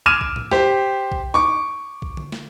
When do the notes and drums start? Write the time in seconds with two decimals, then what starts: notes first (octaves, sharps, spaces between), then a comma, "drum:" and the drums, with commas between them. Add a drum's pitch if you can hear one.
0.06 D6 E6 F6 G#6 D#7 E7
0.21 drum: kick
0.36 drum: tom A2
0.51 G4 C5, drum: snare
1.12 drum: kick
1.34 C#6 D6
2.02 drum: kick
2.17 drum: tom D3
2.32 drum: snare